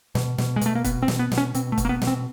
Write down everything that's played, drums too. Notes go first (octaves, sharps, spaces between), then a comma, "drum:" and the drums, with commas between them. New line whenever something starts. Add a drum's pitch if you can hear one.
B2, drum: snare
B2, drum: snare
G#3
B2 A3, drum: hi-hat
A#3
B2 B3, drum: kick, hi-hat
C4
B2, drum: snare
B3
B2, drum: snare
C#4
B2 C4, drum: hi-hat
A3
B2, drum: kick, hi-hat
A#3
B3
B2, drum: snare
C4